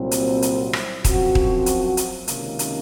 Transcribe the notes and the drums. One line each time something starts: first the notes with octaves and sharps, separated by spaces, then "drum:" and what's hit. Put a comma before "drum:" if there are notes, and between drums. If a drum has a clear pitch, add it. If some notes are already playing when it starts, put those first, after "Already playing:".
Already playing: C2 A#2 F#3 C4
drum: hi-hat
drum: hi-hat
drum: rim click
F#2 F3 C4 F#4, drum: kick D#1, hi-hat
drum: kick D#1
drum: hi-hat
drum: hi-hat
C#2 C3 D#3 A#3 C#4, drum: hi-hat
drum: hi-hat